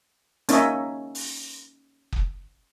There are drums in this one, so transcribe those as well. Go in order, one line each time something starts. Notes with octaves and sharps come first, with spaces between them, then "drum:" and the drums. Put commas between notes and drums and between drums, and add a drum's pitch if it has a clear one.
A#3 C#4 D#4 C#5 D#5 E5, drum: hi-hat
drum: open hi-hat
drum: kick